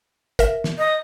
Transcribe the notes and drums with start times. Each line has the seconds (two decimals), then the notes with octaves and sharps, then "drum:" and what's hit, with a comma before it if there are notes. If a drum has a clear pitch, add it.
0.39 A#4 E5, drum: kick, hi-hat
0.64 drum: snare
0.78 D#5